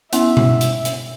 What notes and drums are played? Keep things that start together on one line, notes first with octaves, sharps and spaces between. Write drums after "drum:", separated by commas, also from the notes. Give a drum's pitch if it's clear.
B3 C#4 E4 E5, drum: hi-hat
drum: tom B2
drum: hi-hat
drum: hi-hat